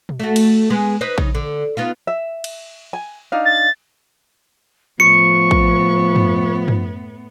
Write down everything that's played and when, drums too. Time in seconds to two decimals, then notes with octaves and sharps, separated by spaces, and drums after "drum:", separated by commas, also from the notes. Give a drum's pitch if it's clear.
0.09 drum: tom A#2
0.20 A3 F#4
0.36 drum: cymbal
0.70 G#3 B3 G#4
1.01 D#4 B4 C5
1.18 C#3 D#4, drum: kick
1.35 D3
1.77 B3 D#4 F4
2.07 E5
2.44 drum: cymbal
2.93 G#5
3.32 D4 D#4 F5
3.45 A6
5.00 A2 F3 B3 C#6 C#7
5.51 drum: kick
6.16 drum: tom
6.68 drum: tom